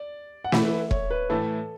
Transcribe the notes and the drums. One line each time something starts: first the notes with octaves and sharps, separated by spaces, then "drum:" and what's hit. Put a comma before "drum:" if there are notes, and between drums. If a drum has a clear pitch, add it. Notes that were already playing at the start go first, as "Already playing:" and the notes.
Already playing: D5
F#5
E3 A3 E4 B4 E5, drum: snare
C#5, drum: kick E1
B4
A2 E3 A3 E4 A4